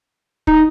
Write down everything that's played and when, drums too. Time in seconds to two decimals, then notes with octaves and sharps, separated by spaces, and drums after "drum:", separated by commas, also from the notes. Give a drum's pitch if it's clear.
0.47 D#4, drum: kick